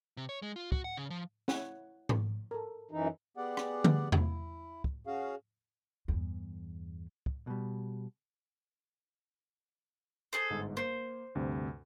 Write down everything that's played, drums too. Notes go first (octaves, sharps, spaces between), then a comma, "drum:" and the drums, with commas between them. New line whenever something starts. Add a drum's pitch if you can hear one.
C3
C#5
G#3
F4
F#4, drum: kick
F#5
C#3
F3
E4 C#5 F#5, drum: snare
drum: tom G#2
A4 A#4
F#2 E3 D#4
B3 G4 G#4 D5 F#5
drum: rim click
drum: tom D3
E4, drum: tom E2
drum: kick
C#4 F#4 G#4 F5
E2 G2
drum: kick
B2 G3
G#4 A4 C5
G1 G#2
A#3 C5
D2 G2 C3